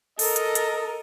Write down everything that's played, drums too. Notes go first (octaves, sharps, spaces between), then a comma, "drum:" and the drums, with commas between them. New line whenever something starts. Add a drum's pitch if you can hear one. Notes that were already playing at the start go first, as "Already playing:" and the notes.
A4 A#4 D#5, drum: open hi-hat
drum: hi-hat
drum: hi-hat